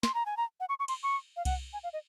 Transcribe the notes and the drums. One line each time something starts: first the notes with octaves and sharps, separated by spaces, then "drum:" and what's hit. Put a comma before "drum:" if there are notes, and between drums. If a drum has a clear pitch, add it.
C6, drum: snare
A#5
G#5
A#5
F#5
C#6
C#6
C6, drum: cymbal
C#6
F5
F#5, drum: kick C2, cymbal
G#5
F5
D#5